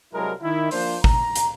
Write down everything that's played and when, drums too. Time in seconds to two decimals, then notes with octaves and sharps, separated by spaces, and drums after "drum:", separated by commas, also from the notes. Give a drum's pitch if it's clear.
0.13 C2 F#3 G#3 E4 A4 A#4
0.43 D#3 E4
0.71 F3 A#3 D4 C5, drum: open hi-hat
1.04 A#5, drum: kick
1.36 drum: hi-hat